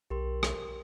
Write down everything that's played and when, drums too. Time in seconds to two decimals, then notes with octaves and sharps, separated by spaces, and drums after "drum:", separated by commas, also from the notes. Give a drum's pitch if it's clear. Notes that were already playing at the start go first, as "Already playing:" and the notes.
0.10 B1 G4 A#4 C6
0.43 drum: rim click